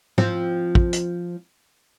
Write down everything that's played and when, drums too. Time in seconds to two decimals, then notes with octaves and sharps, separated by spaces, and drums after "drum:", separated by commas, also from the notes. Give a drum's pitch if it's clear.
0.18 F3 C4 F4, drum: tom
0.75 drum: kick
0.93 drum: hi-hat